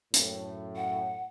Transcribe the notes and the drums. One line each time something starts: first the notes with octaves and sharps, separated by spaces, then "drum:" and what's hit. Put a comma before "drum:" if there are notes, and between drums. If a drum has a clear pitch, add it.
F#2 A2, drum: hi-hat
F#5